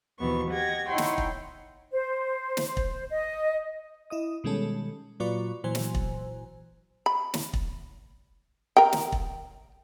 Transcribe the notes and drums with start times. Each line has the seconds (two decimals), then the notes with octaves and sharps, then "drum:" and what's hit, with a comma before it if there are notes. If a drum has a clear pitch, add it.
0.19 D#2 B2 E3 F3 B3 C#6
0.50 G4 D#5 F#5 G#6 A#6
0.88 D#4 E4 C#5 F#5 G5 C6
0.98 drum: snare
1.18 drum: kick
1.92 C5
2.57 drum: snare
2.68 C5
2.77 drum: kick
3.10 D#5
4.10 E4 D#5 D#6
4.44 B2 D#3 G3 G#3 C#4 A4
5.20 A#2 F#3 F4 B4 D5 C#6
5.64 A#2 E3 F#3 C5 G#5
5.75 drum: snare
5.95 drum: kick
7.06 B5
7.34 drum: snare
7.53 drum: kick
8.77 A#4 G5
8.93 drum: snare
9.12 drum: kick